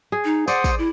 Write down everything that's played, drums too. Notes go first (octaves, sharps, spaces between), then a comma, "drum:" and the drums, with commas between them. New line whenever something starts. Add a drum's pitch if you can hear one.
G#4
D#4
C5 D5 F#5 D#6, drum: tambourine
drum: kick, tambourine
E4